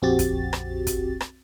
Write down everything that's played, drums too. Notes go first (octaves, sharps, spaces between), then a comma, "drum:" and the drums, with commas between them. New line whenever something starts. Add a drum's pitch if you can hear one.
A#1 F2 C4 F#4 G4 A6
drum: kick, hi-hat
drum: rim click
drum: kick, hi-hat
drum: rim click